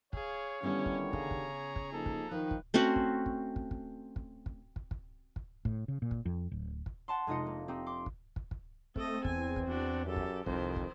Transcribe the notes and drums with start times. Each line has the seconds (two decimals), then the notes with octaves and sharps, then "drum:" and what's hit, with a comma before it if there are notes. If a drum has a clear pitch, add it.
0.13 G#4 C#5 F5, drum: kick
0.63 D3 D#3 G3 B3 C#4 E4 G4
0.86 drum: kick
1.13 C#3 G#4 A#5, drum: kick
1.31 drum: kick
1.76 drum: kick
1.93 F3 A#3 D#4 A4
2.06 drum: kick
2.31 D#3 F3 B4
2.51 drum: kick
2.74 A3 C4 C#4 F#4
2.96 drum: kick
3.26 drum: kick
3.56 drum: kick
3.71 drum: kick
4.16 drum: kick
4.46 drum: kick
4.76 drum: kick
4.91 drum: kick
5.36 drum: kick
5.65 A2, drum: kick
5.88 C#3
6.02 A#2
6.11 drum: kick
6.26 F2
6.51 D1
6.86 drum: kick
7.08 F#5 A5 C6
7.27 F1 G#3 D#4 F4 D#5 C#7
7.46 A#3
7.68 C4 D#4 G4
7.86 C6 D6
8.06 drum: kick
8.36 drum: kick
8.51 drum: kick
8.96 A3 C4 A4 D#5, drum: kick
9.25 E2 G#5, drum: kick
9.56 drum: kick
9.67 E2 D4 F#4
10.06 F#2 G4 A4
10.16 drum: kick
10.46 C2 F2 D#3 C5, drum: kick
10.76 drum: kick